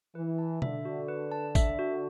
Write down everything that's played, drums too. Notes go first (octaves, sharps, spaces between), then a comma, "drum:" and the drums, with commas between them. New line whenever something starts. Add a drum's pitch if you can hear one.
E3 B4
A5
D3 E5, drum: tom
F#4
B4
A5
E5, drum: kick, tambourine
F#4